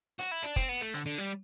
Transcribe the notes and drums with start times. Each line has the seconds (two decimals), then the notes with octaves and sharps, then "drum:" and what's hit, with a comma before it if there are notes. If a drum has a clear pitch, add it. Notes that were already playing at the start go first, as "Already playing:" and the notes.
0.19 F#4, drum: hi-hat
0.31 E4
0.43 D4
0.56 C4, drum: kick, hi-hat
0.69 B3
0.81 A3
0.94 D3, drum: hi-hat
1.06 D3
1.18 G3